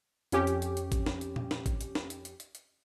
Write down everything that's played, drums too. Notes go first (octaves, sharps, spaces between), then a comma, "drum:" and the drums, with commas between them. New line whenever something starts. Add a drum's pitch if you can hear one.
F2 C#4 G4, drum: hi-hat
drum: hi-hat
drum: hi-hat
drum: hi-hat
drum: kick, hi-hat
drum: snare
drum: hi-hat
drum: tom A#2
drum: snare
drum: kick, hi-hat
drum: hi-hat
drum: snare
drum: hi-hat
drum: hi-hat
drum: hi-hat
drum: hi-hat